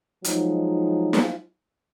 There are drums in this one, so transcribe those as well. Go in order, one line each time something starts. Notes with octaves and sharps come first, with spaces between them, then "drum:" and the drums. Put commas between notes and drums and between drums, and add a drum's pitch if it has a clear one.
F3 F#3 G#3 D#4, drum: hi-hat
drum: snare